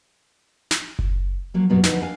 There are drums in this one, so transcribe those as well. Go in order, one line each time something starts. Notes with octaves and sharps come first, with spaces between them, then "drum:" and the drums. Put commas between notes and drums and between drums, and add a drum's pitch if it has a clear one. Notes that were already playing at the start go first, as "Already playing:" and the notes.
drum: snare
drum: kick F#1
F3 F#3 A#3
G2 B2 F#3 A#3 B3
D2 F3 D4 D#4 B4 F#5, drum: snare
D4 F5 G#5